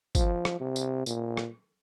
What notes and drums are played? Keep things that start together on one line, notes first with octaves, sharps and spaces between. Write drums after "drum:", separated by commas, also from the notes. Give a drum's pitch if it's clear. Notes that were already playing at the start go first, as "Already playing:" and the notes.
F3, drum: kick, tambourine
drum: rim click
C3
drum: tambourine
A#2, drum: tambourine
drum: rim click